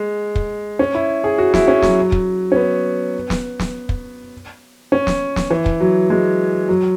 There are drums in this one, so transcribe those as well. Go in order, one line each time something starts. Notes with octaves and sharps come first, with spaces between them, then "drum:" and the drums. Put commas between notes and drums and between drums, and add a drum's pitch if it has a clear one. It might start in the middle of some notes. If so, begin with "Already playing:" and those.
Already playing: G#3
drum: kick
C#4
E4
G#4
F#4
E4, drum: snare
C#4
F#3, drum: snare
drum: kick
C#4
B3
drum: snare
drum: snare
drum: kick
C#4
drum: snare
drum: snare
E3
drum: kick
F#3
G#3
F#3